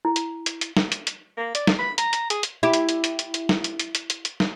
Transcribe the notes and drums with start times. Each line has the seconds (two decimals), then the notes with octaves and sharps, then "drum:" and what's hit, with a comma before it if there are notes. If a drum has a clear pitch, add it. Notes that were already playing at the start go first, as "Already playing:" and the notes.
0.05 E4
0.16 drum: hi-hat
0.46 drum: hi-hat
0.61 drum: hi-hat
0.77 drum: snare
0.92 drum: hi-hat
1.07 drum: hi-hat
1.37 A#3
1.55 D5, drum: hi-hat
1.67 drum: snare
1.79 B5
1.98 A#5, drum: hi-hat
2.13 drum: hi-hat
2.30 G#4, drum: hi-hat
2.43 drum: hi-hat
2.63 E4 G4
2.73 drum: hi-hat
2.89 drum: hi-hat
3.04 drum: hi-hat
3.19 drum: hi-hat
3.34 drum: hi-hat
3.49 drum: snare
3.64 drum: hi-hat
3.80 drum: hi-hat
3.95 drum: hi-hat
4.10 drum: hi-hat
4.25 drum: hi-hat
4.40 drum: snare